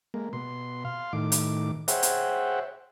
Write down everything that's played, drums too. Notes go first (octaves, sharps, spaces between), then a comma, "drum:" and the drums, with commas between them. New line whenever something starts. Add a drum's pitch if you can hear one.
G#3 A#3
B2 C6
F5 C6
A2 D#3 D6
drum: hi-hat
G#4 C5 C#5 E5 F#5 G5, drum: hi-hat
drum: hi-hat